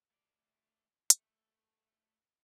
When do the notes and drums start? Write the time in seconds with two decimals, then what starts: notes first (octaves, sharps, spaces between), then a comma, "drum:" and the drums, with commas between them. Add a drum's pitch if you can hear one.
0.11 A3 D5
1.10 A3, drum: hi-hat